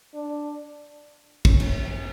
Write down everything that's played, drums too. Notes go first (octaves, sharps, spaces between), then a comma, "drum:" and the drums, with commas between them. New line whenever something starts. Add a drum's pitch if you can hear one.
D4
C#4, drum: kick
drum: cymbal